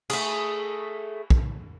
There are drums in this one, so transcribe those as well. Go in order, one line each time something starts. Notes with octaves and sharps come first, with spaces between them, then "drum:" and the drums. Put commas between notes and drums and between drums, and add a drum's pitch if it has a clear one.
A3 G#4, drum: cymbal
drum: kick